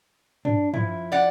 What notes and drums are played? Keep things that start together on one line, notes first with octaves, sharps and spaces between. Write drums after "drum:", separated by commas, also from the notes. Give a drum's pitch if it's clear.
D4, drum: tom
F3 E4, drum: tom
D5 F#5